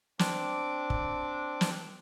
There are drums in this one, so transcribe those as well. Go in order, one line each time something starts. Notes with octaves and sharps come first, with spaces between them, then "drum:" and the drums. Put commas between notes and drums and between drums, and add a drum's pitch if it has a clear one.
C4 D4 D6, drum: snare
drum: kick
drum: snare